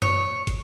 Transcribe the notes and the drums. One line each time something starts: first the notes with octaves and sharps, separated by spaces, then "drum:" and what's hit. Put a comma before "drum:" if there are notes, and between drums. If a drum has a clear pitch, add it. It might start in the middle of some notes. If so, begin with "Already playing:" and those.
C#5, drum: tom F#2
drum: kick, hi-hat